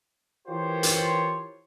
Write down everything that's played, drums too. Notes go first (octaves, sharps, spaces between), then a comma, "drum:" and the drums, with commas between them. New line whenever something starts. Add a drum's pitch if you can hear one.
E3 F4 G4 A#4 C5 C#5
drum: hi-hat